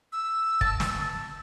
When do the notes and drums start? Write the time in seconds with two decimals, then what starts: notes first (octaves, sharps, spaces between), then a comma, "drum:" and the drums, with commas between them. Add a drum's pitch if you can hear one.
0.13 E6
0.61 A5, drum: kick
0.80 drum: snare